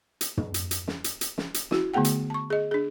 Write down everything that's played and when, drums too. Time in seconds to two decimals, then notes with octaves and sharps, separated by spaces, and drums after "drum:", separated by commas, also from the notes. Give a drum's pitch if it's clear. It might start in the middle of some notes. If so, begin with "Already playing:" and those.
0.21 drum: hi-hat
0.37 drum: tom
0.54 drum: hi-hat
0.71 drum: hi-hat
0.88 drum: snare
1.04 drum: hi-hat
1.21 drum: hi-hat
1.38 drum: snare
1.54 drum: hi-hat
1.71 E4 F#4, drum: snare
1.94 D3 A3 B3 G#4 F#5 G5
2.05 drum: hi-hat
2.30 A5 C#6
2.50 G#4 D#5
2.71 D4 G#4